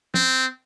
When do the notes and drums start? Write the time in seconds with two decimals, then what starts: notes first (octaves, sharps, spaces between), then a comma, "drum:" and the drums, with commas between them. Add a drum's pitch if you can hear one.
0.14 C4, drum: tom